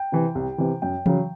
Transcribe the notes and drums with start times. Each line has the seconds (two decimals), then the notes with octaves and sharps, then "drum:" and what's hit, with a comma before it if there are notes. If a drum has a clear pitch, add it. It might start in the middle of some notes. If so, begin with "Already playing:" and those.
Already playing: G5
0.12 C3 E3
0.35 C2
0.58 C3 E3
0.82 F#2 G5
1.06 C#3 F#3, drum: tom E3